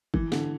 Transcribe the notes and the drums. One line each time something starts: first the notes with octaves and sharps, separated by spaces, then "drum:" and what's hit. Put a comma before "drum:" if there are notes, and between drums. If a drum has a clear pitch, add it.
E3, drum: kick G1
D3, drum: snare